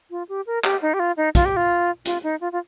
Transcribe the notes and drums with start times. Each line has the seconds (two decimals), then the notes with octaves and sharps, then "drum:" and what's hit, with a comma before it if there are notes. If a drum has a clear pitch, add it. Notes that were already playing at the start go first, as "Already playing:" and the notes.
0.11 F4
0.29 G4
0.47 A#4
0.64 G4, drum: clap
0.82 D#4
0.94 G4
1.00 F4
1.17 D#4
1.35 F4, drum: kick, hi-hat
1.45 G4
1.57 F4
2.05 F4, drum: hi-hat
2.23 D#4
2.41 F4
2.52 F4